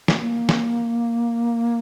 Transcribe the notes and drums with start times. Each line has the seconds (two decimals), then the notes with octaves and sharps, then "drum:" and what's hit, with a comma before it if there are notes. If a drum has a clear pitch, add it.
0.08 A3, drum: snare
0.20 A#3
0.49 drum: snare